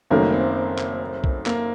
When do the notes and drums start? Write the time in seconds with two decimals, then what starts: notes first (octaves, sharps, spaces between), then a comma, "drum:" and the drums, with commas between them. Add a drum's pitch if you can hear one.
0.10 F#1 F#2 D#3 A3 A#3
0.32 C4
0.78 drum: clap
1.24 drum: kick B1
1.46 A#3, drum: clap